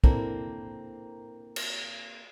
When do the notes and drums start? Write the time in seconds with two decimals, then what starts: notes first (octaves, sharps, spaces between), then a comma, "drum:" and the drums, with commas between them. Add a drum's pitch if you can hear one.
0.04 A#3 C4 D4 E4 A4 A#4, drum: kick
1.56 drum: cymbal